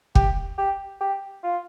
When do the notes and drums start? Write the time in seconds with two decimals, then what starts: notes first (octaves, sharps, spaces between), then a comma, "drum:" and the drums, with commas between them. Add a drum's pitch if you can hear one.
0.15 G4, drum: kick
0.58 G4
1.01 G4
1.44 F4